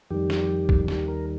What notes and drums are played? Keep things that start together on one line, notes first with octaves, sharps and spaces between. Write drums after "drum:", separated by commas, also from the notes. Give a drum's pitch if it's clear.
F2 D#3 G3 G4
drum: snare
drum: kick
D#2 D#3 G3 G4, drum: snare
A#4